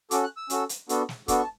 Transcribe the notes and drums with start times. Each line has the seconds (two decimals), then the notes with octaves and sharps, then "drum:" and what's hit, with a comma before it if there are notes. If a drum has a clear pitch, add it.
0.11 C#4 F#4 A4 D6, drum: hi-hat
0.24 F#6
0.37 E6
0.50 C#4 F#4 A4, drum: hi-hat
0.69 drum: hi-hat
0.89 B3 D4 F#4 A4, drum: hi-hat
1.09 drum: snare
1.28 B3 D4 F#4 A4 D6, drum: kick, hi-hat
1.39 C#6
1.43 A5